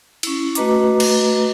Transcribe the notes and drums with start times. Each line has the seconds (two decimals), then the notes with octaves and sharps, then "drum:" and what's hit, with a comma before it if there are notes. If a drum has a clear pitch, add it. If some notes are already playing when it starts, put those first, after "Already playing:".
0.23 C#4 E4, drum: cymbal
0.55 A3 F#4 B4 D#5 A#5 D6, drum: hi-hat
1.00 drum: cymbal